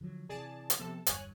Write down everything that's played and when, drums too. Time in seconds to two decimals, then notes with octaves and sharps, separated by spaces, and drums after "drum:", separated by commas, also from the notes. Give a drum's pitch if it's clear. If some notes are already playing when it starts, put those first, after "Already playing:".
0.01 D3 F3 F#3
0.29 C3 E3 G#4 D5 A5
0.70 drum: hi-hat
0.79 C3 F3 B3 A4 A5
1.06 G1 E2 G2 C#5 G#5 F#6, drum: hi-hat